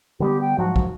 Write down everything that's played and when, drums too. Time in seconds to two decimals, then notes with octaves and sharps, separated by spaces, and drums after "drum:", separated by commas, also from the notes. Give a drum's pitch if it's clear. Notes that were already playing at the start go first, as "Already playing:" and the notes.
0.20 D3 G3 B3 G4
0.41 G5
0.58 G#2 F3 F#3 F#4
0.76 drum: kick